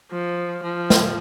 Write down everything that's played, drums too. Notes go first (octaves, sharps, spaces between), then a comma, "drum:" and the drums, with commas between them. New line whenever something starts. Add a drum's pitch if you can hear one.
F3
F3
drum: snare